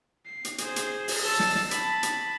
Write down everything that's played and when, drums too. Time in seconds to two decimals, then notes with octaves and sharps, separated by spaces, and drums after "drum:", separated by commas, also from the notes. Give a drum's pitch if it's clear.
0.26 C7
0.45 drum: hi-hat
0.58 G#4 C5, drum: hi-hat
0.76 drum: hi-hat
1.08 drum: open hi-hat
1.24 A5 E6
1.39 drum: snare
1.55 drum: snare
1.71 A5 B5, drum: hi-hat
2.03 drum: hi-hat